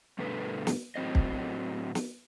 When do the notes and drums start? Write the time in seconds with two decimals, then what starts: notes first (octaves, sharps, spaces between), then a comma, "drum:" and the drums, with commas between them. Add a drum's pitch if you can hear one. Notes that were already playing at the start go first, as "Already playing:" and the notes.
0.19 G2 B2 D3 A3 B4
0.67 drum: snare
0.96 A2 F#3 C4 C5 D#5
1.15 drum: kick
1.95 drum: snare